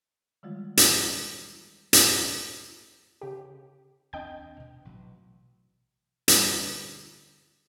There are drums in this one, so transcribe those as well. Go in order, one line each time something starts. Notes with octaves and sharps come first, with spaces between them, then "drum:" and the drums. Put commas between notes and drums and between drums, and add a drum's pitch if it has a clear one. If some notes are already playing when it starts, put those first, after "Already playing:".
D#3 E3 G3 G#3 F4
drum: hi-hat
drum: hi-hat
C#3 G4
D#2 C4 D4 D#5 G5 G6
B2
A1 B2 F#3
D3 G3 G#4 B4, drum: hi-hat